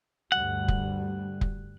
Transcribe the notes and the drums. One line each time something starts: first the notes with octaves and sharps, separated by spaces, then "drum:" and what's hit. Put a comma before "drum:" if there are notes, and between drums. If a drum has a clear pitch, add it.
D2 G2 G3 F#5
drum: kick
drum: kick